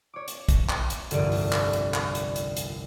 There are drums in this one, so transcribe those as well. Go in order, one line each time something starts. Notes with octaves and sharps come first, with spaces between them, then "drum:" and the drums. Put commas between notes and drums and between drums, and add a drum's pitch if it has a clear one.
C#5 D6
drum: hi-hat
drum: kick, hi-hat
drum: clap
drum: hi-hat
G1 C2 F2 D3 D7 D#7, drum: hi-hat
drum: open hi-hat
drum: clap
drum: hi-hat
drum: clap
drum: hi-hat
drum: hi-hat
drum: hi-hat